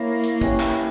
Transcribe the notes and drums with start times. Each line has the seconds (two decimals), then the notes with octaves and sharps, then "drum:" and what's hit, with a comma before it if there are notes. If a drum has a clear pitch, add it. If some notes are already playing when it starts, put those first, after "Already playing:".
Already playing: A#3 E4 A#4 C#5 E5
0.23 drum: hi-hat
0.41 C#4 G4 B4 E5, drum: kick, hi-hat
0.60 drum: clap